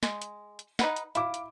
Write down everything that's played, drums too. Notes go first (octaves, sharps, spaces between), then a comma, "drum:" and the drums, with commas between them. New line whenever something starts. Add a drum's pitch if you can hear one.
G#3, drum: snare
drum: hi-hat
drum: hi-hat
D#4 B4 F#5, drum: snare
drum: hi-hat
E4 F5 D6, drum: hi-hat
drum: hi-hat